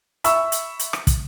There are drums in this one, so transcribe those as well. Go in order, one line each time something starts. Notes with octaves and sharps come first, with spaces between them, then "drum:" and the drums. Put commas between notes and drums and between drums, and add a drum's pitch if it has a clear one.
E5 B5 C#6 E6, drum: hi-hat
drum: hi-hat
drum: hi-hat
drum: rim click
drum: kick, hi-hat